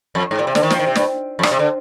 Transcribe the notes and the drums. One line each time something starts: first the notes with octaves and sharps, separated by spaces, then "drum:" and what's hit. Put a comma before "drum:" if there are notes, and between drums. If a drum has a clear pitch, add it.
F2
G#2
A#2
C3
D3, drum: snare
D#3
F3, drum: snare
D#3
C3
G2, drum: snare
F2
G2, drum: rim click
C3
D3